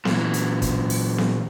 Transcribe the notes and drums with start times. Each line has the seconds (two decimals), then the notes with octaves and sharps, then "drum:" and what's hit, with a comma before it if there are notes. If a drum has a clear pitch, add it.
0.05 A#2 E3, drum: snare B3
0.33 drum: hi-hat
0.62 drum: kick, hi-hat
0.90 drum: open hi-hat
1.18 drum: snare B3